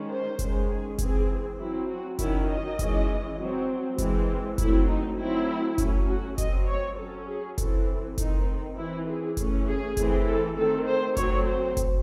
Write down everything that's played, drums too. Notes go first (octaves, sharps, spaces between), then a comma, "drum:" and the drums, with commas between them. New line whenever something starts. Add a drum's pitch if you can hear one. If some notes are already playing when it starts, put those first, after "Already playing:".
Already playing: D#3 G#3 C#4
C5
D#3 G#3 C#4, drum: kick F#1, hi-hat
G#4
E3 C4 G#4, drum: kick F#1, hi-hat
F#3 C4 E4
F#4
D#3 F#3 C#4 E4, drum: kick F#1, hi-hat
D#5
E3 G#3 C#4, drum: kick F#1, hi-hat
F#3 C4
E3 G#3 C4, drum: kick F#1, hi-hat
F#3 A3 C4 E4, drum: kick F#1, hi-hat
D#4
F#3 A3 C4 E4
F#3 A3 C#4, drum: kick F#1, hi-hat
F#4
F#3 C4 D#5, drum: kick F#1, hi-hat
C#5
F#3 C#4 A4
G#4
E3 C4 A4, drum: kick F#1, hi-hat
D#3 A3 C4 D#4, drum: kick F#1, hi-hat
E3 C4 E4
G#4
E3 A3 C#4, drum: kick F#1, hi-hat
G#4
E3 A3 C4, drum: kick F#1, hi-hat
A4
D#3 A3 C4 A4
C5
F#3 A3 C4 C#5, drum: kick F#1, hi-hat
C5
drum: kick F#1, hi-hat